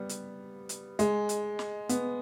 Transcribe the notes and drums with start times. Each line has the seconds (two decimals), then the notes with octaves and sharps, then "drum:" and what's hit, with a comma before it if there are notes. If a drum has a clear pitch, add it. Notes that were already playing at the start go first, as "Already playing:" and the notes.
Already playing: G3 B3
0.09 drum: hi-hat
0.69 drum: hi-hat
0.99 G#3, drum: hi-hat
1.29 drum: hi-hat
1.59 drum: snare
1.89 B3, drum: hi-hat